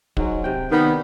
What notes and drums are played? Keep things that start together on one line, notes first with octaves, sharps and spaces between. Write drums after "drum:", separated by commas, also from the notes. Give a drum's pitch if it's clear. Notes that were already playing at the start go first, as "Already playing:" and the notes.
G#2 F#3 G#3, drum: kick
C3 G5
D#3 B3 D5